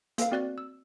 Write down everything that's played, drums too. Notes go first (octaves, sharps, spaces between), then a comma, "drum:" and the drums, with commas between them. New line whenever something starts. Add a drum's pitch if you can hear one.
A#3 A4 B4 F5, drum: hi-hat
C4 F#4 D5 F#6 A6
E6